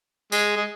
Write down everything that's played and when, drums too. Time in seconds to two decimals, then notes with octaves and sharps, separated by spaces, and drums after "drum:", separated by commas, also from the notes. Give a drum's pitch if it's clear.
0.32 G#3, drum: tambourine
0.56 G#3